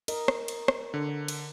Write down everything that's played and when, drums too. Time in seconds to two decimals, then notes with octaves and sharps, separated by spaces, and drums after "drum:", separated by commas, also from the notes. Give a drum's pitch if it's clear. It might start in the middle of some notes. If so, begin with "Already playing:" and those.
0.08 A#4 D#5, drum: cymbal
0.28 drum: rim click
0.48 drum: cymbal
0.68 drum: rim click
0.94 D3
1.28 drum: cymbal